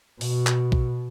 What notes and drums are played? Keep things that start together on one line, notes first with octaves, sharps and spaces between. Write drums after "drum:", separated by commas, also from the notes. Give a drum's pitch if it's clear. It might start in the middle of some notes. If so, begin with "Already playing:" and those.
B2, drum: open hi-hat
drum: clap
drum: kick A#1